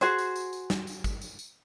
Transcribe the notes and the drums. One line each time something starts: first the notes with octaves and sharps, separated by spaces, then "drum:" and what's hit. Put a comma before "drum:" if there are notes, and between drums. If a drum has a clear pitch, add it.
F#4 G#4 C5, drum: tambourine
drum: tambourine
drum: tambourine
drum: tambourine
drum: snare
drum: tambourine
drum: kick, tambourine
drum: tambourine
drum: tambourine